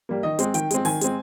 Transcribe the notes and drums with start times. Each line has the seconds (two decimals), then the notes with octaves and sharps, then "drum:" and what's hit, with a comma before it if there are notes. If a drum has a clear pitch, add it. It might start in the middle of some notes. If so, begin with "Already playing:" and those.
0.09 G3 A#3
0.23 D#3 D#5
0.39 G#3 C4, drum: hi-hat
0.54 D#3 G5, drum: hi-hat
0.71 G#3 C4, drum: hi-hat
0.85 D#3 G#5, drum: open hi-hat
1.01 G#3 C4, drum: hi-hat